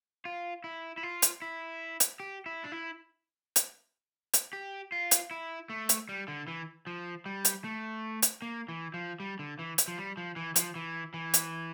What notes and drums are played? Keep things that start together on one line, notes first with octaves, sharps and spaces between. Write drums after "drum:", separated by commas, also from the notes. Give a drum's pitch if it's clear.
F4
E4
E4
F4
drum: hi-hat
E4
drum: hi-hat
G4
E4
D4
E4
drum: hi-hat
drum: hi-hat
G4
F4
drum: hi-hat
E4
A3
drum: hi-hat
G3
D3
E3
F3
G3
drum: hi-hat
A3
drum: hi-hat
A#3
E3
F3
G3
D3
E3
drum: hi-hat
F3
G3
F3
E3
F3, drum: hi-hat
E3
E3
drum: hi-hat